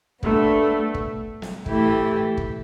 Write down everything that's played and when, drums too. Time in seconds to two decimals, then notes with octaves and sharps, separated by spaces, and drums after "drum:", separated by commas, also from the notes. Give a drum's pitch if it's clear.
0.23 G3 A3 B3 D4, drum: kick
0.94 drum: kick
1.42 drum: snare
1.66 A2 E3 A3 E4 G4, drum: kick
2.37 drum: kick